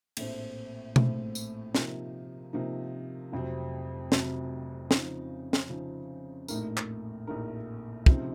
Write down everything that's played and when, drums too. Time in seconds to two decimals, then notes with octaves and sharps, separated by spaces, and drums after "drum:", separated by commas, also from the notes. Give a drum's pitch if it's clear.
0.17 A#1 A2 A3 C4, drum: cymbal
0.96 A#1 A2 A3 C4, drum: tom B2
1.35 drum: tambourine
1.75 C3 F3 A#3 D#4, drum: snare
2.53 C3 F3 A#3 D#4
3.32 F1 F2 C3 F#3 C4
4.12 F1 F2 C3 F#3 C4, drum: snare
4.91 C#3 F3 C4 D#4, drum: snare
5.53 drum: snare
5.69 C#3 F3 C4 D#4
6.48 A#1 A2 A3 D#4 A#4, drum: tambourine
6.77 drum: clap
7.27 A#1 A2 A3 D#4 A#4
8.06 C#2 C3 F3 C4 D#4, drum: kick